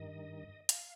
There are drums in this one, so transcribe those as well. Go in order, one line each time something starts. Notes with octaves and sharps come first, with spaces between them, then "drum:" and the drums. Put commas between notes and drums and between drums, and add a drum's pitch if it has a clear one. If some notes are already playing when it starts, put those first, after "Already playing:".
Already playing: G2 D#3 D#5
F5, drum: hi-hat